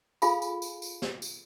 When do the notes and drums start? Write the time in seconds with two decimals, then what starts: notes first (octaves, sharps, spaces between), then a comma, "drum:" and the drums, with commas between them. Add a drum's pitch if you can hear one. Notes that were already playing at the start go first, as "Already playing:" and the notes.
0.22 F4 G#4 A4 F5 G#5 B5, drum: tambourine
0.42 drum: tambourine
0.62 drum: tambourine
0.82 drum: tambourine
1.02 drum: snare
1.22 drum: tambourine